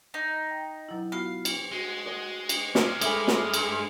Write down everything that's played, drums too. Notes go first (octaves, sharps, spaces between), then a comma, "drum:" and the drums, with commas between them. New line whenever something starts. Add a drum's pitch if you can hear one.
D#4
G5
B2 F#3 E4
B3 F4 F#4 F5
drum: cymbal
G#3 F#4
D#5
drum: cymbal
A#2 G#3 C6 D6 D#6 F6, drum: snare
G2 G#3 A3 G#5 B5, drum: cymbal
drum: snare
drum: cymbal